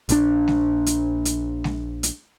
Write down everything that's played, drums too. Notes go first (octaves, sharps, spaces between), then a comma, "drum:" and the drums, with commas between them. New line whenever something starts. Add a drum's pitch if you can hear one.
A#1 C#3 D4, drum: hi-hat
drum: snare G#3
drum: hi-hat
drum: hi-hat
drum: snare G#3
drum: hi-hat